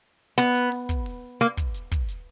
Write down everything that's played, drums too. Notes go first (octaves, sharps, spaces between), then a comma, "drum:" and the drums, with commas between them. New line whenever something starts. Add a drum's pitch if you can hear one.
B3
drum: hi-hat
drum: open hi-hat
drum: kick, hi-hat
drum: open hi-hat
A#3, drum: hi-hat
drum: kick, hi-hat
drum: hi-hat
drum: kick, hi-hat
drum: hi-hat